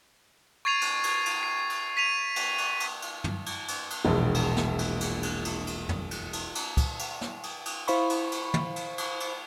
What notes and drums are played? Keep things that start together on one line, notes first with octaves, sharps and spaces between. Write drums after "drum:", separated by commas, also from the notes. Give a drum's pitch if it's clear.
C#6 G#6 A6 C7 D#7 F7
drum: cymbal
drum: cymbal
drum: cymbal
C7
drum: cymbal
B6 D#7 F7
drum: cymbal
drum: cymbal
drum: cymbal
drum: cymbal
drum: tom
drum: cymbal
drum: cymbal
drum: cymbal
E1 A#1
drum: cymbal
drum: snare
drum: cymbal
drum: cymbal
drum: cymbal
drum: cymbal
drum: cymbal
drum: tom
drum: cymbal
drum: cymbal
drum: cymbal
drum: kick, cymbal
drum: cymbal
drum: snare
drum: cymbal
drum: cymbal
E4 C5 F5 B5 C#6, drum: cymbal
drum: cymbal
drum: cymbal
drum: tom
drum: cymbal
drum: cymbal
drum: cymbal